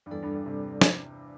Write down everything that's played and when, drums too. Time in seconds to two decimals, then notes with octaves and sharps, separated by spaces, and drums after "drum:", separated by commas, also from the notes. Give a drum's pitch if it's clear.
0.06 G2
0.11 E2 G3 D4 A4 D5
0.22 G2
0.35 G2
0.46 C3
0.81 drum: snare